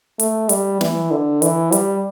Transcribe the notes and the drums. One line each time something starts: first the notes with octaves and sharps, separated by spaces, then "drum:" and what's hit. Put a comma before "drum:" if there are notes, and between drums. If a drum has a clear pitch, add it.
A3, drum: hi-hat
G3, drum: hi-hat
E3, drum: snare
D3
E3, drum: hi-hat
G3, drum: hi-hat